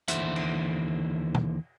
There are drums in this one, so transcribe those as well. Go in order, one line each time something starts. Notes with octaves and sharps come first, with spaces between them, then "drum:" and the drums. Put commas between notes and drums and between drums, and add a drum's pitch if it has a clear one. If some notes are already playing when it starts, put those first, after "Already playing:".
D#2 D3 E3 C5 E5 F#5, drum: hi-hat
drum: cymbal
drum: tom